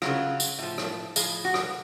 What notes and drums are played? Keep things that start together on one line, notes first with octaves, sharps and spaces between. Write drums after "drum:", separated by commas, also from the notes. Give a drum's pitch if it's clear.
C#3 F#3 F4, drum: rim click
drum: tambourine
A2 F3
drum: rim click
A2 F3 G#4, drum: tambourine
F#4
drum: rim click